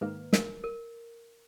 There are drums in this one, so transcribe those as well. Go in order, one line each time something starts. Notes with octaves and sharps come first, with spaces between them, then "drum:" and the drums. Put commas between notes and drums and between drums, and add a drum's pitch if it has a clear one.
G#2 D#3 A#3 B4
A#4, drum: snare
A#4